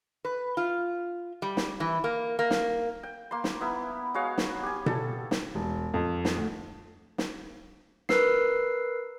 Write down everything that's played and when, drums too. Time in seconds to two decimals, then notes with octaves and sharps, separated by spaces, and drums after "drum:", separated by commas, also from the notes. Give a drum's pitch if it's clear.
0.25 B4
0.57 F4
1.42 G3
1.57 drum: snare
1.80 E3
2.04 A#3
2.39 A#3
2.50 drum: snare
3.03 G5
3.31 A#3 C6
3.44 drum: snare
3.61 B3 E4 A#4
4.14 G#3 F#4 C#5 F5
4.38 drum: snare
4.63 G4 G#5
4.86 A4, drum: tom B2
5.31 drum: snare
5.55 E1
5.94 F2
6.25 drum: snare
6.36 D2
7.18 drum: snare
8.09 A#4 B4 E6 C7, drum: snare